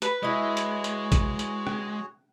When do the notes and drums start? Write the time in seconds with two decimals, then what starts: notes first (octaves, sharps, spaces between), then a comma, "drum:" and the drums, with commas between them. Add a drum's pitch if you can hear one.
0.02 B4 B5, drum: hi-hat
0.23 G#3 E4 F#4 G#4 C#5 D#5
0.57 drum: hi-hat
0.84 drum: hi-hat
1.12 drum: kick A1, hi-hat
1.39 drum: hi-hat
1.67 drum: rim click